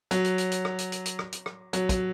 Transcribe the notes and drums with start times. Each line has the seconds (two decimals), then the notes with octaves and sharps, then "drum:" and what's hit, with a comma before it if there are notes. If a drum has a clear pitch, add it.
0.11 F#3, drum: hi-hat
0.24 drum: hi-hat
0.38 drum: hi-hat
0.51 drum: hi-hat
0.65 drum: rim click
0.78 drum: hi-hat
0.92 drum: hi-hat
1.05 drum: hi-hat
1.19 drum: rim click
1.32 drum: hi-hat
1.46 drum: rim click
1.73 F#3, drum: hi-hat
1.89 F#3, drum: kick, hi-hat